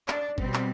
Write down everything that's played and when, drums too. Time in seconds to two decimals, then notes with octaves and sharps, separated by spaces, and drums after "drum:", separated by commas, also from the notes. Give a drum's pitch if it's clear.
0.08 D4, drum: clap
0.38 B2 G3 B3 C4, drum: kick
0.54 drum: clap